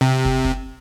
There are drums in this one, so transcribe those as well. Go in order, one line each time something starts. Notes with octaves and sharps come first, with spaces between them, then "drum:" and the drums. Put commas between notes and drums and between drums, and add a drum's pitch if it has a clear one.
C3
drum: kick
drum: kick